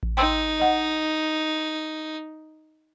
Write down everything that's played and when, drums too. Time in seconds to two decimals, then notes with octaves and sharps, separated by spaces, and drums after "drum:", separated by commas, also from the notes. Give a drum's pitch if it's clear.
0.03 drum: kick A1
0.17 D#4 G5 C6 E6
0.60 D#5 F#5